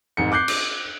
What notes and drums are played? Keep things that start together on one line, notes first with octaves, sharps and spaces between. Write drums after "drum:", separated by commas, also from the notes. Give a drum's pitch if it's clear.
F1 G#2 C#7
D6 F#6 G6 C7
drum: cymbal